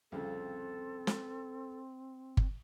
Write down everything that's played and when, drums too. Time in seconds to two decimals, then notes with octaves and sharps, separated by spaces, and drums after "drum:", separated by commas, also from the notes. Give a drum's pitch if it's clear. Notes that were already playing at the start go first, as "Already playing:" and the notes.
0.12 C2 F2 C#3 C4 A4
1.07 drum: snare
2.37 drum: kick G1